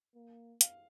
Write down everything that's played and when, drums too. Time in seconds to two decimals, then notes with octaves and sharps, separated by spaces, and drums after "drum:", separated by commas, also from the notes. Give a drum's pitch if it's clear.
0.15 A#3
0.61 F5, drum: hi-hat